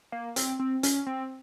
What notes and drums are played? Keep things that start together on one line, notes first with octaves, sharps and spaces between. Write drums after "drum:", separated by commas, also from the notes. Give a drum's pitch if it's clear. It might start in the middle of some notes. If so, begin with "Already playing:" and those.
A#3
C4, drum: hi-hat
C4
C#4, drum: hi-hat
C4